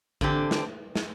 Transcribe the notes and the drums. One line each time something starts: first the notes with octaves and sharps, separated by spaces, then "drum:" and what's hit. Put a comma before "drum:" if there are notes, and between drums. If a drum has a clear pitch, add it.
E2 D3 C4 G4, drum: kick
drum: snare
drum: snare